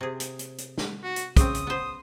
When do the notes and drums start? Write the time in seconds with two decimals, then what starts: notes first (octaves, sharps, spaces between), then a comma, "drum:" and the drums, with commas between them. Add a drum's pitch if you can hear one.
0.01 C3 G#4
0.20 drum: hi-hat
0.39 drum: hi-hat
0.58 drum: hi-hat
0.78 drum: snare
1.03 F#4
1.16 drum: hi-hat
1.37 C#3 C4 D#6, drum: kick, hi-hat
1.55 drum: hi-hat
1.67 B3 C5